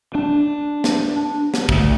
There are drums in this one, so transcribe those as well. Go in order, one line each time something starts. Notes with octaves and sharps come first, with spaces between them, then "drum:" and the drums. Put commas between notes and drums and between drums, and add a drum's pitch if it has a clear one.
D4
drum: snare
drum: snare
D2, drum: kick